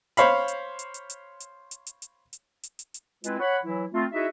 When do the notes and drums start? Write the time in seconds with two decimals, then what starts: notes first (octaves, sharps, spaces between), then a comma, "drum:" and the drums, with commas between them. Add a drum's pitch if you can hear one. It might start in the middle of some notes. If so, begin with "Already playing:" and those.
0.17 C5 C#5 F5 B5, drum: hi-hat
0.48 drum: hi-hat
0.79 drum: hi-hat
0.94 drum: hi-hat
1.10 drum: hi-hat
1.40 drum: hi-hat
1.71 drum: hi-hat
1.87 drum: hi-hat
2.02 drum: hi-hat
2.33 drum: hi-hat
2.63 drum: hi-hat
2.79 drum: hi-hat
2.94 drum: hi-hat
3.24 G#3 C4 E4 F4 B4, drum: hi-hat
3.39 C#5 F#5 B5
3.63 E3 F#3 E4
3.93 A3 C4 F4
4.12 D#4 E4 F#4 G#4 D#5 E5